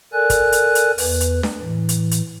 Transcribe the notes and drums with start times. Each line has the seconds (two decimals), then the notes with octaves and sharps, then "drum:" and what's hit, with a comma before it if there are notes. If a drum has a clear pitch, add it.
0.13 A4 A#4 D5 G#5 F#6
0.30 drum: kick, hi-hat
0.52 drum: hi-hat
0.75 drum: hi-hat
0.98 E2 B4, drum: open hi-hat
1.21 drum: hi-hat
1.43 drum: snare D4
1.61 A2 E3
1.89 drum: hi-hat
2.11 drum: hi-hat